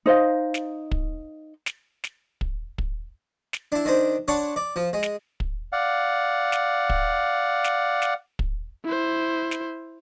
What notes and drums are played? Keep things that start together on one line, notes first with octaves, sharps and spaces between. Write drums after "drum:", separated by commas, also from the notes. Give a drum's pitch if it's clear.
D#4 C5 D#5 F5
drum: snare
drum: kick
drum: snare
drum: snare
drum: kick
drum: kick
drum: snare
D4 E4
D#3 D4 C5
D4 C#5 F#5 A5 C6
D5
F3
G#3
drum: snare
drum: kick
D5 F5 F#5
drum: snare
drum: kick
drum: snare
drum: snare
drum: kick
E4 C5
drum: snare